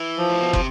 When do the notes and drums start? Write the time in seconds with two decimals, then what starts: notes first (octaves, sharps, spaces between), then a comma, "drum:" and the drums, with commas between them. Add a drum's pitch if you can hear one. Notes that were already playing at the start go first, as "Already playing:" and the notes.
Already playing: E3
0.18 F3
0.29 A2
0.41 B2
0.53 C3, drum: kick